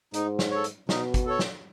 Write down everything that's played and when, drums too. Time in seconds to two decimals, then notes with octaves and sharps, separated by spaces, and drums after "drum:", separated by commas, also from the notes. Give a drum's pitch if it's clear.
0.14 G#2 D#4, drum: hi-hat
0.39 drum: snare
0.51 A4 C#5
0.64 drum: hi-hat
0.89 B2 D#4, drum: snare
1.14 drum: kick, hi-hat
1.26 A4 C#5
1.39 drum: snare